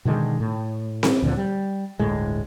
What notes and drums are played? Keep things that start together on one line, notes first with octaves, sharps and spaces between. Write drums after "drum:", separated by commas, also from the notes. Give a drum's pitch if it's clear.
B2 D3 D#3 G#3
A2
drum: snare C4
D2 A#2 D3 F3
G3
G1 D2 A2 G#3